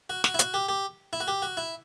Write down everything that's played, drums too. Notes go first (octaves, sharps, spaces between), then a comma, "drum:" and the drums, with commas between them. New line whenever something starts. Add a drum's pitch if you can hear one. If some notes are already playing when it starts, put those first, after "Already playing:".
F#4
F#4, drum: snare
E4
F#4, drum: hi-hat
G4
G4
E4
F#4
G4
F#4
E4